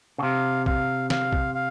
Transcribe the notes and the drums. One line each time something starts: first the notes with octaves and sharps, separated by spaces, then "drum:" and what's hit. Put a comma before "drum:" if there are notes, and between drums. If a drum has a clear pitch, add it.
C#3
C3 F5
F5, drum: kick
F5, drum: snare
drum: kick
F5